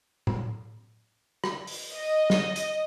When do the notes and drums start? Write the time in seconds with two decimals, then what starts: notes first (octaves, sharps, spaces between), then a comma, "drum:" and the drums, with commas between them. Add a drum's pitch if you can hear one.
0.27 drum: tom A2
1.44 drum: rim click
1.67 drum: open hi-hat
1.92 D#5
2.30 drum: snare
2.56 drum: hi-hat